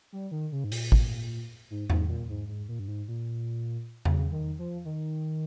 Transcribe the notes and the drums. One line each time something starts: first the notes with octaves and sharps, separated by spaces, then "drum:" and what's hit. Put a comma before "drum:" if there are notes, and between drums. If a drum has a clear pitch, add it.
G3
D#3
C#3
G#2
A#2, drum: open hi-hat
drum: kick
G#2
G#2, drum: tom E2
A#2
G#2
G#2
A#2
G2
G#2
A#2
C#3, drum: tom E2
D#3
F3
D#3